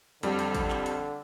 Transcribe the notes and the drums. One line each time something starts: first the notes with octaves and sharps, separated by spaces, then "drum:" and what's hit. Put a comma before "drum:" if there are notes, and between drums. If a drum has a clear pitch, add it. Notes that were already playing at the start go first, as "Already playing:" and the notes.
F2 D3 G3, drum: hi-hat
drum: hi-hat
drum: kick, hi-hat
drum: clap
drum: hi-hat